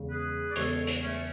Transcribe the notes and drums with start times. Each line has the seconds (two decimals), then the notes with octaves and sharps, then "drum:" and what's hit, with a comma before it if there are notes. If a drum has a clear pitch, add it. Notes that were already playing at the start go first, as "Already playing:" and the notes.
Already playing: E2 C#3 G#3
0.09 G#4 B4
0.51 D5
0.56 E2 C#3 G#3 A4 C#5, drum: hi-hat
0.87 drum: hi-hat
1.03 A3 C#4